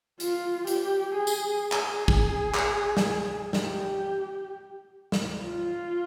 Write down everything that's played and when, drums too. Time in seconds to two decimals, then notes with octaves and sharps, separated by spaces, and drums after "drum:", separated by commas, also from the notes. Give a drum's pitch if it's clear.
0.20 F4, drum: hi-hat
0.67 G4, drum: hi-hat
1.15 G#4
1.27 drum: tambourine
1.63 G#4
1.72 drum: clap
2.08 drum: kick
2.55 drum: clap
2.97 drum: snare
3.53 G4, drum: snare
5.12 drum: snare
5.43 F4